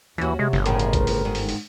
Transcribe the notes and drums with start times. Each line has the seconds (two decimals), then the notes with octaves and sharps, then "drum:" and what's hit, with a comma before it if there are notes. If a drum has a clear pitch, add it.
0.18 D#2 E3 C#4 F#4
0.39 C3 G#3
0.53 G1, drum: snare
0.66 A2 C#3 F3 A#4, drum: hi-hat
0.79 drum: hi-hat
0.93 drum: kick B1, hi-hat
1.07 drum: open hi-hat
1.25 G#2 D#3
1.35 drum: open hi-hat
1.49 drum: open hi-hat